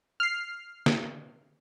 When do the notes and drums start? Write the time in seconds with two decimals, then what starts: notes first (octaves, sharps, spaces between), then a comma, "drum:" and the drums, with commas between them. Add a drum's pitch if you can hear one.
0.20 F6 C7
0.86 drum: snare